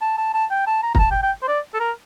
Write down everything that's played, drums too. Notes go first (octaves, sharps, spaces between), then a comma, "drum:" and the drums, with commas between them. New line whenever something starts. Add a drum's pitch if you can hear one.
A5
A5
A5
G5
A5
A#5
A#5, drum: kick
A5
G5
G5
C5
D5
A4
A#4